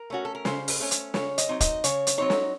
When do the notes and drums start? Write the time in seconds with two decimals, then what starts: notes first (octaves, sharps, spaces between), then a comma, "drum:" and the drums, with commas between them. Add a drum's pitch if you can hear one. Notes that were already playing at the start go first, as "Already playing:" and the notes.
Already playing: A#4
0.10 A3 C#4 F#4
0.25 A4
0.35 A#4
0.45 C#3 C5, drum: snare
0.68 drum: open hi-hat
0.80 A3 C#4
0.91 drum: hi-hat
1.14 C#3 C#5, drum: snare
1.38 D#5, drum: hi-hat
1.49 F#3 C4 D#4
1.61 D#5, drum: kick, hi-hat
1.84 C#3 C#5, drum: hi-hat
2.07 drum: hi-hat
2.18 F#3 C4 D#4 C#5
2.30 drum: snare